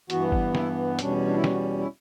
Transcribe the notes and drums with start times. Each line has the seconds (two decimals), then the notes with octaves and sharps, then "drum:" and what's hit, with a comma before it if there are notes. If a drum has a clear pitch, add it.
0.10 G2 E3 B3 F#4, drum: hi-hat
0.32 drum: kick G1
0.55 E4, drum: snare
0.99 E2 B2 G3 C#4 D4, drum: hi-hat
1.28 D4
1.36 E4
1.44 F#4, drum: snare
1.78 E4